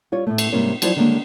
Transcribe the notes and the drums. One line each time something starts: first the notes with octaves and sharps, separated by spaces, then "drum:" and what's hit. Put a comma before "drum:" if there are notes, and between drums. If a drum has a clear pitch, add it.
G3 F4 C#5
A2 A3
drum: cymbal
G#2 C3 G3 A#3 C#4
F3 F#3 E4 F4 C5 D5, drum: cymbal
D3 D#3 G3 G#3 A#3 C#4